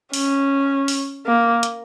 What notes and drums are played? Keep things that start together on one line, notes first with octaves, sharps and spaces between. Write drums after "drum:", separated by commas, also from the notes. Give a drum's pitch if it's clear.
C#4, drum: open hi-hat
drum: open hi-hat
A#3
drum: hi-hat